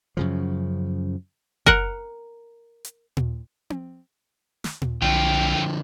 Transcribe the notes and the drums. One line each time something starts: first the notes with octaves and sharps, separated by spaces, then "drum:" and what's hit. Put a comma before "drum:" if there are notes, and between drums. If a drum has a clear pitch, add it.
F#2 C#3 F3
A#4 F#5, drum: kick F#1
drum: hi-hat
drum: tom A#2
drum: tom C4
drum: snare
drum: tom A#2
B1 D3 F3 A3 F4 G5